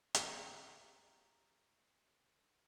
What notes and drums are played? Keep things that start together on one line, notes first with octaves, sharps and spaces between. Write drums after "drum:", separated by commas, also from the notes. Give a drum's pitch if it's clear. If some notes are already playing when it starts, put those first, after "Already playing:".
G4 A#5, drum: hi-hat